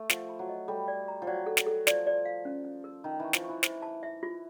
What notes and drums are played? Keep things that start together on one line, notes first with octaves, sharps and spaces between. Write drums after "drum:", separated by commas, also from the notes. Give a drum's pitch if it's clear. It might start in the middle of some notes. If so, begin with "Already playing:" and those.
Already playing: A3
F3 F#5, drum: snare
B5
F#3
D#5
G3 A4
D5
A#5
F3
F#3 D5
A4
drum: snare
A4
F3 D5, drum: snare
D5
F5
C#4
C#4
A#4
D#3 A5
E3 C#6
F3, drum: snare
E3 C#6
C5, drum: snare
A5
E5
F4